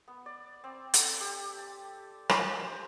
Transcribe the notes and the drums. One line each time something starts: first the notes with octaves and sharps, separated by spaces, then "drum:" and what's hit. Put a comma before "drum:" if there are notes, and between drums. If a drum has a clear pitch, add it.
B3
D5
C4
A4, drum: hi-hat
G4
A5
drum: rim click
C5